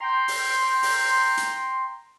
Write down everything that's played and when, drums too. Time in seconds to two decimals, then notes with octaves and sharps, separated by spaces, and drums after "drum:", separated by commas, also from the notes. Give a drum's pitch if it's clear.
0.01 G5 A#5 C6
0.28 drum: open hi-hat
0.83 drum: open hi-hat
1.37 drum: hi-hat